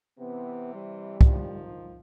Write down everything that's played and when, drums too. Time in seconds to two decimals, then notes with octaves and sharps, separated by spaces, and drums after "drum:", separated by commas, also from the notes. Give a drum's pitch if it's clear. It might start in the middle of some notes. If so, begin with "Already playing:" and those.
0.19 C3 E3 B3
0.74 G3
1.21 D#3 F3, drum: kick